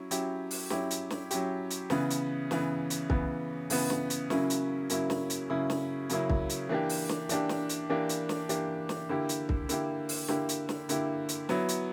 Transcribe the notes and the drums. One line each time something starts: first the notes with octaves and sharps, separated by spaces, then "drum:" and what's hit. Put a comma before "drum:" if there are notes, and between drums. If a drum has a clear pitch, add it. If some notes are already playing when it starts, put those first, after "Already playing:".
Already playing: F#3 C#4 E4
F#3 C#4 E4 G4, drum: hi-hat
drum: open hi-hat
F#3 C#4 E4 G4, drum: snare
drum: hi-hat
drum: snare
F#3 C#4 E4 G4, drum: hi-hat
drum: hi-hat
C#3 E3 B3, drum: snare
drum: hi-hat
C#3 E3 B3, drum: snare
drum: hi-hat
C#3 E3 B3, drum: kick C2
C#3 E3 B3, drum: open hi-hat
drum: snare
drum: hi-hat
C#3 F#3 A#3 C#4 E4, drum: snare
drum: hi-hat
C#3 F#3 A#3 C#4 E4, drum: hi-hat
drum: snare
drum: hi-hat
C#3 F#3 A#3 C#4 E4
drum: snare
C#3 F#3 A#3 C#4 E4, drum: hi-hat
drum: kick C2
drum: hi-hat
E3 A#3 D4 G4
drum: open hi-hat
drum: snare
E3 A#3 D4 G4, drum: hi-hat
drum: snare
drum: hi-hat
E3 A#3 D4 G4
drum: hi-hat
drum: snare
E3 A#3 D4 G4, drum: hi-hat
drum: snare
D3 A#3 E4 G4
drum: hi-hat
drum: kick C2
D3 A#3 E4 G4, drum: hi-hat
drum: open hi-hat
D3 A#3 E4 G4, drum: snare
drum: hi-hat
drum: snare
D3 A#3 E4 G4, drum: hi-hat
drum: hi-hat
F#3 B3 E4, drum: snare
drum: hi-hat